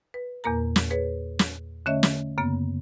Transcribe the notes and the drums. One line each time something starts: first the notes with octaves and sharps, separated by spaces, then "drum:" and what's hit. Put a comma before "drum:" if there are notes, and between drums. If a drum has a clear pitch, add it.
B4
E2 A#2 A#3 A#4 A#5
drum: snare
G#4 B4 C#5
drum: snare
D3 A3 C#4 C#5 D#5 E5
drum: snare
F#2 C#3 A#3 B3